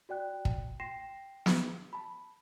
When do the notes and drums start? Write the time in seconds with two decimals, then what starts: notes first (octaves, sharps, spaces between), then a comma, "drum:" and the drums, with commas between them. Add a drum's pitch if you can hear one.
0.09 F#4 D5 G5 F#6
0.45 drum: kick
0.80 G5 C6 A#6 C7 E7
1.46 drum: snare
1.93 A5 B5